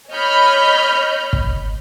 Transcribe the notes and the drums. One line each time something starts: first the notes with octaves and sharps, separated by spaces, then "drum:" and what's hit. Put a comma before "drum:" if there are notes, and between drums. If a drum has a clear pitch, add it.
C#5 D#5 B5 F6 G6
drum: kick